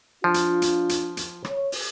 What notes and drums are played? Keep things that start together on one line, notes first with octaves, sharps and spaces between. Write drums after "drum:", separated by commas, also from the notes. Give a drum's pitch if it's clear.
F3 D4 F4
drum: hi-hat
drum: hi-hat
drum: hi-hat
drum: hi-hat
C#5, drum: rim click
drum: open hi-hat